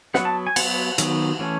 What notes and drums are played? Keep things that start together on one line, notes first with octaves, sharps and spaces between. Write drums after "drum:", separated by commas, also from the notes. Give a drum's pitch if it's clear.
F#3 B3 F#5, drum: snare
A5
G#5
F#3 B3 F#5, drum: cymbal
D#3 F#3 B3, drum: hi-hat
E3 A3 C#4